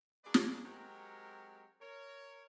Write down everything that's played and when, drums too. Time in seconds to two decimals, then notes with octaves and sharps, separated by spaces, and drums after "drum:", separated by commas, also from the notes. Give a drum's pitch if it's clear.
0.24 F#3 A#3 D4 G#4 B4 D5
0.34 drum: snare
0.64 F#3 G#3 C4 G4 A#4
1.81 A#4 C#5